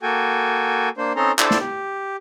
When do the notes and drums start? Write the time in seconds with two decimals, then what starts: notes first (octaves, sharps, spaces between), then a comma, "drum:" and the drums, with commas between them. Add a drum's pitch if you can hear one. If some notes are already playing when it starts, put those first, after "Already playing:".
0.02 A#3 F#4 A4 G5 G#5
0.97 A#3 D4 C5
1.16 C4 C#4 D#4 A4 A#5 C6
1.39 D4 E4 A4 C5 D5, drum: clap
1.51 drum: snare
1.60 G4